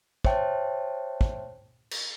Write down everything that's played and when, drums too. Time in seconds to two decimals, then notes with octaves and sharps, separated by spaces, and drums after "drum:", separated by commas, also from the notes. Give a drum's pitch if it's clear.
0.24 C5 C#5 E5 G5 A5, drum: kick
1.21 drum: kick
1.91 drum: cymbal